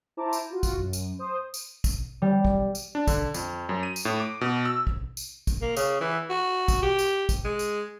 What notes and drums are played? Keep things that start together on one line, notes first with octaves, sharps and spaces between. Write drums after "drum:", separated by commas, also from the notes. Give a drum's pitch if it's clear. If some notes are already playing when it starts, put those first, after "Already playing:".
E4 C5 A5 A#5 D6
drum: tambourine
F4 F#4
drum: kick, tambourine
F#2
drum: tambourine
C5 D#6
drum: tambourine
drum: kick, tambourine
G3
drum: kick
drum: tambourine
D4
D3, drum: kick, tambourine
F2, drum: tambourine
F#2
D#7
drum: tambourine
A2
D6
B2
E6
drum: kick
drum: tambourine
drum: kick, tambourine
A#3
C#3, drum: tambourine
E3
F#4
drum: kick, tambourine
G4
drum: tambourine
drum: kick, tambourine
G#3
drum: tambourine